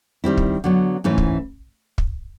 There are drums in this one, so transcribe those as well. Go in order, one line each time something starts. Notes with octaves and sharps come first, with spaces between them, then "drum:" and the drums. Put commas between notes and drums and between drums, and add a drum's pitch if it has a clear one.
D#3 G3 C4 E4
drum: kick
D3 F#3 B3
G#2 E3 A3 C#4 E4
drum: kick
drum: kick